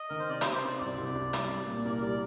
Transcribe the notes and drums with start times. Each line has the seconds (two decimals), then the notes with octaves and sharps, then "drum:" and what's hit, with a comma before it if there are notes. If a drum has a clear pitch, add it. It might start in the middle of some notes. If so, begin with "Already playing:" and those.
Already playing: D#5
0.09 D#3 A#4
0.19 C5
0.29 C3 D5
0.41 C3 C5, drum: hi-hat
0.55 C5
0.64 C4 D5
0.80 C2 D5
0.98 C2
1.16 C2
1.33 G3, drum: hi-hat
1.50 G3
1.67 A#2
1.85 C2 A#4
2.02 G3 D5